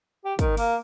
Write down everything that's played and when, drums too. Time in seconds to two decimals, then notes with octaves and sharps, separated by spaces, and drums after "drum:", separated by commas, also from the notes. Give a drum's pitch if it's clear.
0.25 G4
0.39 D#3, drum: kick, hi-hat
0.57 A#3, drum: open hi-hat